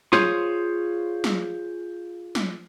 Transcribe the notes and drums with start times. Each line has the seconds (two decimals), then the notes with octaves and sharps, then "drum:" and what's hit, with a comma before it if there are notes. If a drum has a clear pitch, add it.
0.13 F4 G#4 C5 C#5, drum: snare
1.24 drum: snare
2.35 drum: snare